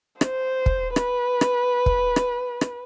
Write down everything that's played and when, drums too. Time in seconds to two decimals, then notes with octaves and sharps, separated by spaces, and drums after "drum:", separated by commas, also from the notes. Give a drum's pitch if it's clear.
0.21 C5, drum: rim click
0.66 drum: kick
0.96 B4, drum: rim click
1.41 drum: rim click
1.86 drum: kick
2.16 drum: rim click
2.61 drum: rim click